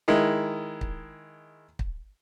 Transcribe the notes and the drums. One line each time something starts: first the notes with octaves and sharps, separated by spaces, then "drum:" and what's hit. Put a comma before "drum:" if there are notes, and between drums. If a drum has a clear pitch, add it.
D#3 G#3 E4
drum: kick
drum: kick